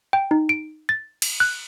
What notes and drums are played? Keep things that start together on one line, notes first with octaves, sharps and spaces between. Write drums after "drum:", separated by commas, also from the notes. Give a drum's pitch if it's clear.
G5
D#4
D7
A6
drum: cymbal
F#6